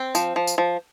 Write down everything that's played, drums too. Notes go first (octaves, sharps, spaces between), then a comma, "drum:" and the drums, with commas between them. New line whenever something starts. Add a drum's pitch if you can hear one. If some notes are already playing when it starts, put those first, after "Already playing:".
Already playing: C4
F3, drum: tambourine
F3
drum: tambourine
F3